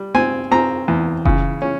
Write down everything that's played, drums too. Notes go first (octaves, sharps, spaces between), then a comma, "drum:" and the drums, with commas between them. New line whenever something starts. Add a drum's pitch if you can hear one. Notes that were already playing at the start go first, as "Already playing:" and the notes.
Already playing: G3
C4 G#5
C4 A#5
E2
C#3, drum: kick F1
C#4